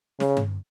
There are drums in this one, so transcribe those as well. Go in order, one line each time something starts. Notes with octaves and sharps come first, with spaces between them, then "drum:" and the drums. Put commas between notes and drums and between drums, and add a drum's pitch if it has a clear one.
C#3, drum: snare
drum: tom G2